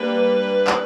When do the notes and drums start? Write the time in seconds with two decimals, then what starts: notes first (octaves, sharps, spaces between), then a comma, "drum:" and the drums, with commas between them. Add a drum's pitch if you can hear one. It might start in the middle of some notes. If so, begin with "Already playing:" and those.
Already playing: G3 A#3 D4 B4
0.67 drum: clap